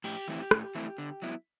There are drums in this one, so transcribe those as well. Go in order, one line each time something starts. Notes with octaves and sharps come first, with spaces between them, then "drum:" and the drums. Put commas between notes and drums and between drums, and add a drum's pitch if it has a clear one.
A2 G4, drum: cymbal
E3 A3 C4 E4
A2, drum: rim click
E3 A3 C4 E4
D3
F#3 B3 E4